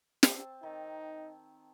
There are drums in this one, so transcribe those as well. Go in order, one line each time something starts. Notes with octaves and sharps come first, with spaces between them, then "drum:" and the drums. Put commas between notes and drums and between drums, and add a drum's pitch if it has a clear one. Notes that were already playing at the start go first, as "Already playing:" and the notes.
C4 A5, drum: snare
D#3 D#4